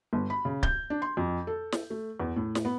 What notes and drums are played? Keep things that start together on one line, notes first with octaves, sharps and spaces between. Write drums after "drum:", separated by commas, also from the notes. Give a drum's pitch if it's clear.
G1
B5
C#3
G6, drum: kick C#1
D4
C6
F2
A4
drum: snare
A3
E2
A2
drum: snare
B3